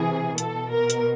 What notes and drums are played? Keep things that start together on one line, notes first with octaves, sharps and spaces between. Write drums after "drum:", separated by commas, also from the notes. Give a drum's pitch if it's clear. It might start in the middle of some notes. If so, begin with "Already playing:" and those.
Already playing: C3 E3 G#4
B2 A4, drum: hi-hat
A#4
drum: hi-hat